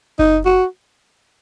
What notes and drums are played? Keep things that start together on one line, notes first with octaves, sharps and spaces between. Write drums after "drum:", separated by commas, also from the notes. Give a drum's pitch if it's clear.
D#4, drum: kick F#1
F#4